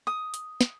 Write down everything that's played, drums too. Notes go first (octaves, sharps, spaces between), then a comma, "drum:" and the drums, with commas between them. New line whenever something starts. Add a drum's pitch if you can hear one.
D#6
drum: hi-hat
drum: snare